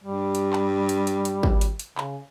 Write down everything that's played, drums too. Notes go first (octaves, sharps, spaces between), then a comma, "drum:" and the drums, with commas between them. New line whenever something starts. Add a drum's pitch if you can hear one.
G2 G3
drum: hi-hat
drum: clap
drum: hi-hat
drum: hi-hat
drum: hi-hat
drum: kick
drum: hi-hat
drum: hi-hat
C#3, drum: clap